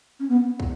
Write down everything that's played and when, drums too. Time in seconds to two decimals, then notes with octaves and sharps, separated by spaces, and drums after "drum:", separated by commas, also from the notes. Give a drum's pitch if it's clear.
0.19 C#4
0.29 B3
0.60 drum: kick